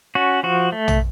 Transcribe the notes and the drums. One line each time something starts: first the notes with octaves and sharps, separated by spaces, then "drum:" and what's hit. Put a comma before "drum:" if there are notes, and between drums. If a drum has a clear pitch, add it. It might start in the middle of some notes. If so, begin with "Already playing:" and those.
C#4 F#4
F3 F#4
A3
drum: tom